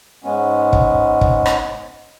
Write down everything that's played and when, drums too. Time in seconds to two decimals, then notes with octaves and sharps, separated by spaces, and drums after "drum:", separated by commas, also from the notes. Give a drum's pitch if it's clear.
0.24 G#2 G#3 B3 C#4
0.73 drum: kick
1.21 drum: kick
1.46 drum: rim click